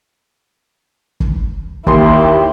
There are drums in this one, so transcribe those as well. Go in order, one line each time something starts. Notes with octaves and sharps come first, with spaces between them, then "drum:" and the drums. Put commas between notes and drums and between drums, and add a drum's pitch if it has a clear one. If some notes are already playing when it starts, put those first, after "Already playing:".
drum: kick
D#2 E4 G4 C6, drum: kick